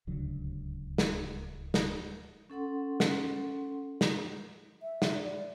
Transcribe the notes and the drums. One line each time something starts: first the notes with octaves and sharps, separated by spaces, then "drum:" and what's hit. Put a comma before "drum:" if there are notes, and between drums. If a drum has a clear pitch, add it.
D1 C#2 D3 F#3
drum: snare
drum: snare
C#4 A4 F#5 C6
drum: snare
drum: snare
E5
drum: snare
D5